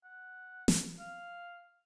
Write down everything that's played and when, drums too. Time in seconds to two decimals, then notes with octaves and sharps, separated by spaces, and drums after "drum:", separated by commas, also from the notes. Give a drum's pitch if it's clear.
0.04 F#5
0.68 drum: snare
0.99 F5